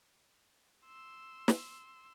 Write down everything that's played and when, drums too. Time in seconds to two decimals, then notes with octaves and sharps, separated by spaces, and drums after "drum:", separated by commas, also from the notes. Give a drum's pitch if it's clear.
0.86 C6 E6
1.48 drum: snare